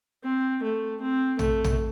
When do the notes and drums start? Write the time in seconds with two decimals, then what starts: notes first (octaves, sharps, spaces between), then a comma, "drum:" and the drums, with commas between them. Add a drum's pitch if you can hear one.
0.23 C4
0.62 A3
1.01 C4
1.39 A3, drum: tom A#1
1.64 drum: tom A#1